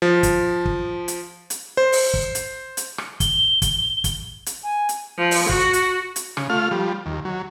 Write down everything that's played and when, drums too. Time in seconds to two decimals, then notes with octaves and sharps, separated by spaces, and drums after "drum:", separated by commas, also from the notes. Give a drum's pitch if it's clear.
0.02 F3
0.23 drum: kick, hi-hat
0.65 drum: kick
1.08 drum: hi-hat
1.50 drum: hi-hat
1.77 C5
1.92 drum: open hi-hat
2.14 drum: kick
2.35 drum: hi-hat
2.77 drum: hi-hat
2.98 drum: rim click
3.20 G7, drum: kick, hi-hat
3.62 drum: kick, hi-hat
4.04 drum: kick, hi-hat
4.46 drum: hi-hat
4.63 G#5
4.89 drum: hi-hat
5.18 F3
5.31 drum: open hi-hat
5.49 F#4, drum: kick
5.73 drum: hi-hat
6.16 drum: hi-hat
6.37 C#3, drum: rim click
6.50 A3 F4 F6
6.71 F3 G3
7.06 D#2
7.25 F#3